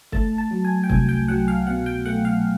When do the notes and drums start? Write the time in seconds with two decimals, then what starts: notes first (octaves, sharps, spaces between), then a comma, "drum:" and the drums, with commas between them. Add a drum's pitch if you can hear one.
0.12 A3 A5, drum: kick
0.38 A5
0.51 F#3
0.65 G#5
0.84 G5
0.89 C2 G#5, drum: kick
1.09 G5
1.28 F#3 F#5
1.48 F5
1.67 B2 F#5
1.86 G5
2.06 A3 F#5
2.25 F5